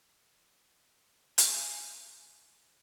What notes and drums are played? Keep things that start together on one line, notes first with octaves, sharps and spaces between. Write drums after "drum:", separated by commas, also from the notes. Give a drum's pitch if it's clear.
G#5, drum: hi-hat